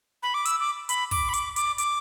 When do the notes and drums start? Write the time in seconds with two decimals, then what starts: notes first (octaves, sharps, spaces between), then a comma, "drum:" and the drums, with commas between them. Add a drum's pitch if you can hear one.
0.23 B5
0.34 D6
0.45 E6, drum: hi-hat
0.60 D6
0.89 B5, drum: hi-hat
1.11 D6, drum: kick, open hi-hat
1.29 B5
1.33 D6, drum: hi-hat
1.56 D6, drum: hi-hat
1.78 D6, drum: hi-hat